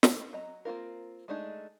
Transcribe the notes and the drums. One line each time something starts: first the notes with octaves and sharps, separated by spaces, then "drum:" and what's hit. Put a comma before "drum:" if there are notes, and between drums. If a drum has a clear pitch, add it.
E4, drum: snare
F#3 D#5 A#5
A#3 C4 F4 A#4
G#3 A3 D4 D#4 G#4